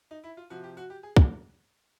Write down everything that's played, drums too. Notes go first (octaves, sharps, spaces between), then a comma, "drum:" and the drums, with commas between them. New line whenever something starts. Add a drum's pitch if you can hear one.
D#4
E4
F4
C3 F3 F#4
G4
F#4
G4
G#4
G#4, drum: kick